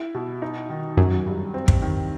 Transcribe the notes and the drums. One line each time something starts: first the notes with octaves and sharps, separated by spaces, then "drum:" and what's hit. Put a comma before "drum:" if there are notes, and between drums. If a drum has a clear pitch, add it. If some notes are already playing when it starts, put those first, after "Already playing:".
Already playing: E4
B2
D#4
D#3
F#2 F#3
G2
C4
drum: kick
D#3